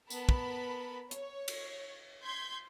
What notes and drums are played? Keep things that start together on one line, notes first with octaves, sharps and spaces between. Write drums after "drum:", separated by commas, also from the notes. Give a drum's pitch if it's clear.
B3 A#4 A5 B5, drum: tambourine
drum: kick
C#5, drum: hi-hat
drum: cymbal
C6 G6 G#6 B6